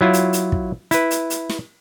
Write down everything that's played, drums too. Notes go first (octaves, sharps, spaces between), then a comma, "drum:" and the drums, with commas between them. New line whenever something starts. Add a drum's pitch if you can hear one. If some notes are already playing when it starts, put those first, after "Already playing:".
F#3 E4 F4
drum: hi-hat
drum: hi-hat
drum: kick
E4 B4, drum: hi-hat
drum: hi-hat
drum: hi-hat
drum: snare